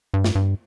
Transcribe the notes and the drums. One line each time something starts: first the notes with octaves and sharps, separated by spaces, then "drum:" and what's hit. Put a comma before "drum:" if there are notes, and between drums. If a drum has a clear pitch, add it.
G2
drum: snare
G2